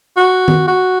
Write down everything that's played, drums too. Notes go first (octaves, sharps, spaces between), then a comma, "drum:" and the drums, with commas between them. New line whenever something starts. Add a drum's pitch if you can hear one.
F#4
drum: tom
F#4